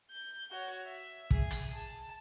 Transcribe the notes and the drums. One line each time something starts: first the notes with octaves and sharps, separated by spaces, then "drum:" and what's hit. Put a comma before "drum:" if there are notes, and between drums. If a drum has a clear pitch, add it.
G6
F#4 C#5
E5
G#4, drum: kick
drum: hi-hat
A5